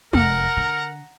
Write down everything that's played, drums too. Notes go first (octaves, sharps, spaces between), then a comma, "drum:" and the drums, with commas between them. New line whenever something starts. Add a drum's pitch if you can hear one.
F1 F2 A#4 F#5 A#5, drum: tom
D3